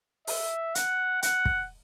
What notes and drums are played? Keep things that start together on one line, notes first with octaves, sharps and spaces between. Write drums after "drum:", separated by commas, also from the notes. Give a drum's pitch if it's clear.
E5, drum: open hi-hat
F#5, drum: hi-hat
F#5, drum: hi-hat
drum: kick